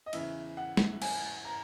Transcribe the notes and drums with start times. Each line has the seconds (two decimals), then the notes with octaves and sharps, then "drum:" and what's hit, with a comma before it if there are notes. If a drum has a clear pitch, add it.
0.06 D#5
0.13 E2 C#3 E3 E5, drum: cymbal
0.57 F#5
0.77 drum: snare
1.02 G#5, drum: cymbal
1.45 A#5